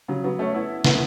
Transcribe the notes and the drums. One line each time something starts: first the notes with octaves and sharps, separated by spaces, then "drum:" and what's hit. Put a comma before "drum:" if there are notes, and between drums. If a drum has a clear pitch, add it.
C#3 F#3
F#3 B3
A3 C#4
B3 E4
B3 E4, drum: snare